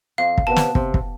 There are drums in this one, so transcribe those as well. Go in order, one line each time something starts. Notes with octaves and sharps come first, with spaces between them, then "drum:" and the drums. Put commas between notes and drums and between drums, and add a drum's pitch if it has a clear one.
F2 F5
drum: kick
C3 F3 B3 D4 A5
drum: snare
C3, drum: kick
drum: kick